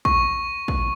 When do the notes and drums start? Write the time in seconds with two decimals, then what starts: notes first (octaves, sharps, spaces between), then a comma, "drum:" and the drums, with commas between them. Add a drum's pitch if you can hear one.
0.05 C#6, drum: kick
0.68 drum: kick